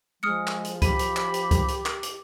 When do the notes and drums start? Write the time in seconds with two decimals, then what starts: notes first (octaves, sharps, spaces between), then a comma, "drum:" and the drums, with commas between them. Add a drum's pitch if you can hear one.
0.23 F3 G#3 D#6 F6 C#7
0.47 drum: clap
0.65 drum: hi-hat
0.82 G4 B5 D#7, drum: kick C#2, hi-hat
0.99 drum: hi-hat
1.16 drum: clap
1.34 drum: hi-hat
1.51 drum: kick C#2, hi-hat
1.68 drum: hi-hat
1.86 drum: clap
2.03 drum: hi-hat